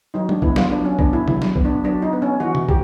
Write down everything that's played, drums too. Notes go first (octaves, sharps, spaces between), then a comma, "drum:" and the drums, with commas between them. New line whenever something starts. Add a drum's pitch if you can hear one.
F#3 D#4
D4, drum: tom
B3 E4, drum: kick
F4, drum: snare
F#3 D4
C#4
B3 D4, drum: kick
E4
F#3 E4, drum: tom
drum: snare
B3, drum: kick
D4
F#3 D4
D#4
B3
C#4
E3 F#4
drum: tom
G4, drum: kick